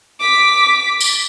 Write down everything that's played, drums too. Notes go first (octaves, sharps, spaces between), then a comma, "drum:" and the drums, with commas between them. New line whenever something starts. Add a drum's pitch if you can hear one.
D6 B6
drum: tambourine